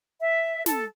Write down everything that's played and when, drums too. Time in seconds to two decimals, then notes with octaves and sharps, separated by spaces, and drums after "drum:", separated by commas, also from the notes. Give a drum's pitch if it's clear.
0.20 E5
0.66 A4, drum: snare